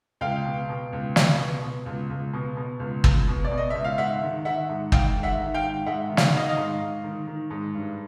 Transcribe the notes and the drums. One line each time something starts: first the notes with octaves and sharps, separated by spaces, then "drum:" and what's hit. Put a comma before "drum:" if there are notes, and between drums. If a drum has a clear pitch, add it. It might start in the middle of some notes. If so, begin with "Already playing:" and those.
C#2 F5 G5
B2
B2
C#2
C#2, drum: snare
B2
B2
C#2
C#2
B2
B2
C#2
C#2, drum: kick
B2
D5
B2
D#5
C#2 E5
F5
G#2 E5 F#5
D#3
D#3 E5 F#5
G#2
G#2 F5 G5, drum: kick
D#3
E5 F#5
D#3
F5 G5
G#2
G#2 E5 F#5
D#3
F5, drum: snare
F#5
D#3 D#5 F5
D#5 F5
G#2
G#2
D#3
D#3
G#2
G2